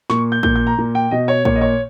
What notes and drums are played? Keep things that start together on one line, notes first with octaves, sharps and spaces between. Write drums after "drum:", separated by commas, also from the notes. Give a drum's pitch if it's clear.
A#2 C#6, drum: snare
G6
A#2 G6, drum: kick
G6
A#5
A#2
G5
B2 D#5
C#5
A#2 C#5, drum: kick
D#5
C#5